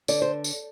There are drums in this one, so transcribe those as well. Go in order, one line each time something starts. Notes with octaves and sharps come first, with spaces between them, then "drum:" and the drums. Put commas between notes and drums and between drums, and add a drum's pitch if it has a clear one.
D3 D5, drum: tambourine
C5
drum: tambourine